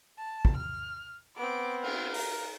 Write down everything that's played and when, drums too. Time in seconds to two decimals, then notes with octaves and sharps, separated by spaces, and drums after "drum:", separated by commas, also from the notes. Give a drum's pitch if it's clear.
0.18 A5
0.45 drum: kick
0.56 F6
1.37 B3 C4 D6
1.82 F5, drum: cymbal
2.14 A#4, drum: open hi-hat